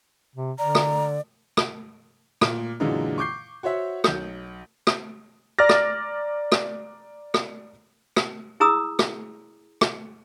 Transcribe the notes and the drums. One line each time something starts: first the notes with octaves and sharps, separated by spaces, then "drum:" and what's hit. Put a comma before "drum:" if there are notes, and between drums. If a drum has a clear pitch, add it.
C3
D3 D5 A#5
drum: rim click
drum: rim click
A#2, drum: rim click
F#2 A#2 D3 E3 G#3 D#4
C#6 D6 G6 C7
F#4 C5 C#5 E5 F#5
B1 G6, drum: rim click
drum: rim click
D5 A#5 D6 F6 A6 A#6
drum: rim click
drum: rim click
drum: rim click
drum: rim click
E4 G#4 A#5 D#6 E6
drum: rim click
drum: rim click